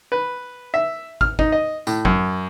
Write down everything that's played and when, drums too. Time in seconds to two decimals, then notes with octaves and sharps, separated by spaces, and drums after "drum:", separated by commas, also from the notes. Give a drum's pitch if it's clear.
0.12 B4
0.74 E5
1.21 F6, drum: kick
1.39 D#4, drum: kick
1.52 D#5
1.87 A2, drum: tambourine
2.05 F#2, drum: kick